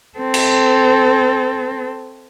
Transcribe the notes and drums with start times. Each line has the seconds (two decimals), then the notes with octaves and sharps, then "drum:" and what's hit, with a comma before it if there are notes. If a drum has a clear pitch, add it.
0.19 C4 A4
0.34 drum: cymbal